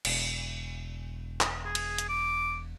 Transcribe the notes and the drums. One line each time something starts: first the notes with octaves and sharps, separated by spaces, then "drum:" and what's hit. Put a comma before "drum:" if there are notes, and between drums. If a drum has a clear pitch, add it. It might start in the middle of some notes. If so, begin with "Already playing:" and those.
E1, drum: cymbal
drum: clap
G#4
drum: cymbal
drum: hi-hat
D6